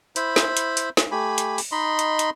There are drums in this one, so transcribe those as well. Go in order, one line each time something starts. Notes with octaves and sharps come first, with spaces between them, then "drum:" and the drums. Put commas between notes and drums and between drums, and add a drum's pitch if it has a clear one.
E4 C5 B5, drum: hi-hat
drum: snare
drum: hi-hat
drum: hi-hat
drum: snare
A3 G4 G#5 B5
drum: hi-hat
drum: open hi-hat
D#4 D#5 B5 C6
drum: hi-hat
drum: hi-hat